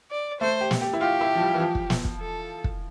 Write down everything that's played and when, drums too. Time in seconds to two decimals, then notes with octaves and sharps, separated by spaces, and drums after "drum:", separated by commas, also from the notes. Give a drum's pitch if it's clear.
0.11 D5
0.40 A3 C5
0.61 G4
0.71 drum: snare
0.81 G4
0.93 E4
1.01 F4 G4
1.21 E4
1.35 F3
1.41 G3
1.54 E3
1.59 F3
1.75 drum: kick
1.90 drum: snare
2.05 drum: kick
2.20 A4
2.64 drum: kick